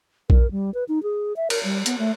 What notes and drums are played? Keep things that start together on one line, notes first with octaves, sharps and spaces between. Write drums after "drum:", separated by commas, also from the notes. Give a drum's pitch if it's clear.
A#4, drum: kick A#1
G3
B4
D#4
G#4
E5
A#4, drum: cymbal
G3
B3, drum: hi-hat
A3